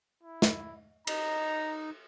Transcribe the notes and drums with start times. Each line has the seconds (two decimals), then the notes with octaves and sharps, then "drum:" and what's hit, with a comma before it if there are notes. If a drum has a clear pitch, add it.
0.23 E4
0.42 drum: snare
1.07 D#4 A#5, drum: cymbal